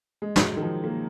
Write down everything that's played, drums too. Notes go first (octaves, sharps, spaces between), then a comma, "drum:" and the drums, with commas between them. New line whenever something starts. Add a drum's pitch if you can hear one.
G#3
F#3, drum: snare
G#3
D#3
F3
A#3